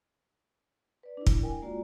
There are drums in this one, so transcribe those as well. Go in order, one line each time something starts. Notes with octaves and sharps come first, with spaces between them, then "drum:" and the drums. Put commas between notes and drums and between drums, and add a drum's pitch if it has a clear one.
B4 D5
D4 E4
drum: kick
D4 E4 A#4 G5 G#5
G#3 A#3 F4 F#4 D5